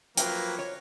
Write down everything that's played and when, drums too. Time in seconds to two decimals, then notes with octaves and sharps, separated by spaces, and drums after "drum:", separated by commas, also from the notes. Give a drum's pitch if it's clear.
0.17 F3 F#3 A#3 B4 G5, drum: hi-hat
0.59 C#5